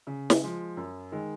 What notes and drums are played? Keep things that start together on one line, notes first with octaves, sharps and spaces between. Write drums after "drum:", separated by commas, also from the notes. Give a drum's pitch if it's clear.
C#3
drum: snare
F3 G#3
F#2
D#3 G#3